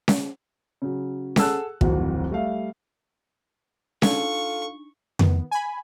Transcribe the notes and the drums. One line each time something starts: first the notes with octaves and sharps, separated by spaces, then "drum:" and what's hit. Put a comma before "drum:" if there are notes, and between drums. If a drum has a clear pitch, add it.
drum: snare C#4
C#3 F#3
G#4 A4 F#5 A5 E6 F#6, drum: snare C#4
D1 G#1 F2 F#4, drum: kick
G3 A3 E5 F5
D4 D#4 F4 A4 C#6, drum: snare C#4
D#3 B3, drum: tom F2
G#5 B5